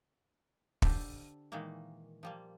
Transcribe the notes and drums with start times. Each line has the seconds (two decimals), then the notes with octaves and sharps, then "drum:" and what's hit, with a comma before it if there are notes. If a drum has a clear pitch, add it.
0.82 D3 G4 A4 C5, drum: kick
1.52 A#2 D#3 E3 G#3 A#3
2.23 F3 G3 A#3